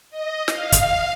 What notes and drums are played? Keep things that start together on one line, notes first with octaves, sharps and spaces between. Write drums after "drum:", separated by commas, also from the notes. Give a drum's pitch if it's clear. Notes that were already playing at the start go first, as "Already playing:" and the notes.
D#5
F5, drum: snare
drum: kick, hi-hat